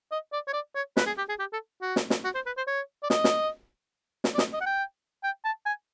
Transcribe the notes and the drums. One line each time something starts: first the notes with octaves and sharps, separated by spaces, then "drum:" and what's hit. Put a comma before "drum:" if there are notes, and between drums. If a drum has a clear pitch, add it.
D#5
D5
C#5
D5
C#5
B4, drum: snare
G#4
G4
G#4
G4
A4
F#4
drum: snare
drum: snare
F#4
C5
B4
C5
C#5
D5
D#5, drum: snare
drum: snare
drum: snare
D5
D#5, drum: snare
D#5
F#5
G5
G5
A5
G#5